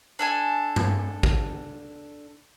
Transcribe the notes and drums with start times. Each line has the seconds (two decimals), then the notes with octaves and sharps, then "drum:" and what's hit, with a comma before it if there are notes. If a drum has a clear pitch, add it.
0.19 D4 A4 G#5
0.76 drum: tom G2
1.23 drum: kick